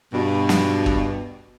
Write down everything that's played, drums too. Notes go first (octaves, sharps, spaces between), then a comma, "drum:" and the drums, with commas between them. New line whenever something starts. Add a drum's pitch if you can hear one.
G2 B2
drum: snare
drum: kick